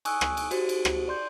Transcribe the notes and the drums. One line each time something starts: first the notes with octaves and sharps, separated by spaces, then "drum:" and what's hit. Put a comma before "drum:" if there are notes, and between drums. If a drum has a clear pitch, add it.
G#5 C#6 D#6 E6 F#6, drum: cymbal
drum: rim click
drum: cymbal
F#4 G4 C5, drum: cymbal
drum: cymbal
drum: rim click
D5 C6 G6